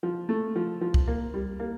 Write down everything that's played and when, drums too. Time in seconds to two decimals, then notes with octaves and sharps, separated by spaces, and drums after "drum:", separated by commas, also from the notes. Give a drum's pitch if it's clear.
0.03 F3
0.29 A3
0.56 F3
0.81 F3
0.94 drum: kick C2
1.07 A#3
1.34 G3
1.60 A#3